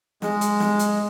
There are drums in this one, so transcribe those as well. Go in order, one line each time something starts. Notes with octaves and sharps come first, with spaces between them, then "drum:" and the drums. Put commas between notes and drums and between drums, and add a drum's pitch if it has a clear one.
G#3, drum: snare
drum: hi-hat
drum: snare
drum: hi-hat